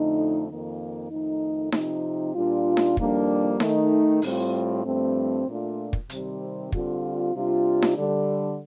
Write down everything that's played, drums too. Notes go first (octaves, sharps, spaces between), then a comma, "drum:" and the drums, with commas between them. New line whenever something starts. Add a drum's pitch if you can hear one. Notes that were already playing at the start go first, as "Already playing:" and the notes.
Already playing: F2 D3 A3 D#4
F2 D#3 A#3 D#4
F2 D#3 A3 D#4
C3 F3 C4 D#4, drum: snare D#4
A#2 G3 D4 F4
drum: snare D#4
F2 D#3 G3 A#3 D4, drum: kick
D#3 A3 D#4, drum: snare D#4
A2 G3 C4 F4, drum: open hi-hat
G2 F3 A3 C4
A#2 A3 D4 F4
drum: kick
C3 D#3 G3 C4, drum: hi-hat
D3 G3 C4 F4, drum: kick
C3 G3 D4 F4
drum: snare D#4
D3 G3 D4